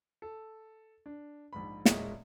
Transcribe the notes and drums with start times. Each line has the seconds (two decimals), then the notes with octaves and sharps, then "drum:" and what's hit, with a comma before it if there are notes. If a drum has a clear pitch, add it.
0.22 A4
1.06 D4
1.53 A#1 G#2 B5
1.85 E1 A#2 G#3 C#5 D#5 E5, drum: snare